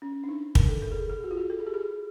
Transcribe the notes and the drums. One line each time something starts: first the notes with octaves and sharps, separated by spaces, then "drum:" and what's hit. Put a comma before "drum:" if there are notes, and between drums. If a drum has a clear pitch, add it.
C#4
D4
D#4
A#4, drum: kick
A4
A#4
G#4
A4
G#4
F#4
F4
F#4
A4
G#4
G4
G#4